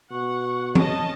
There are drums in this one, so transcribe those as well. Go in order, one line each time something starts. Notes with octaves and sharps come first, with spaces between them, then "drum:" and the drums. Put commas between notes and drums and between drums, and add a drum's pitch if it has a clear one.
B2 F#5 C#6
C#4 D#5 A5, drum: tom E3